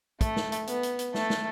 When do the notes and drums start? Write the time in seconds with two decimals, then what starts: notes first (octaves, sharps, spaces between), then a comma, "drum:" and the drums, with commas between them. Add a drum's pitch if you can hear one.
0.21 A3, drum: kick, hi-hat
0.36 drum: snare
0.52 drum: hi-hat
0.67 B3, drum: hi-hat
0.83 drum: hi-hat
0.99 drum: hi-hat
1.14 A3, drum: snare
1.30 drum: snare